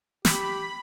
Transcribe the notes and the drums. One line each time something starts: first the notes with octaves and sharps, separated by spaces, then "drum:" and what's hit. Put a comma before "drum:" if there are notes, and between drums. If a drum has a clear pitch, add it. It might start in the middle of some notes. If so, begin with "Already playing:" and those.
G4 B5, drum: snare